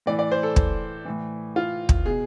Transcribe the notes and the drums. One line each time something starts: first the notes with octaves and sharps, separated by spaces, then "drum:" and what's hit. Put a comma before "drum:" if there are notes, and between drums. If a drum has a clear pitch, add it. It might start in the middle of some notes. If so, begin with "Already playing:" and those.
A2 E3 D5
D5
C5
A4
drum: kick
A2 E3
F4
drum: kick
B2 G#4